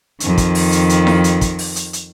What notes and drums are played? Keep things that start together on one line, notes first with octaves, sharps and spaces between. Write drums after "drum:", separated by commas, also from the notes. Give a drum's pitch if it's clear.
F2 D#3, drum: hi-hat
drum: kick, hi-hat
drum: open hi-hat
drum: hi-hat
drum: hi-hat
drum: snare E4
drum: hi-hat
drum: kick, hi-hat
drum: open hi-hat
drum: hi-hat
drum: hi-hat